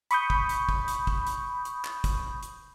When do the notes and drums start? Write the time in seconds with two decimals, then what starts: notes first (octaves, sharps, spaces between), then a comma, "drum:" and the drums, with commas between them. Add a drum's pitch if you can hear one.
0.11 B5 C#6 D#6 G6, drum: hi-hat
0.30 drum: kick
0.49 drum: hi-hat
0.69 drum: kick
0.88 drum: hi-hat
1.07 drum: kick
1.27 drum: hi-hat
1.65 drum: hi-hat
1.85 drum: clap
2.04 drum: kick, hi-hat
2.43 drum: hi-hat